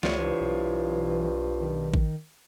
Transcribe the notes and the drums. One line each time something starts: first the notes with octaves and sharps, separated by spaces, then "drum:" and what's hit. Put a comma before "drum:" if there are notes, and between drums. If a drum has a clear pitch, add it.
C#2 G3 A3 F4 C5 C#5, drum: snare
G2 E3
B1
D#3
drum: kick A1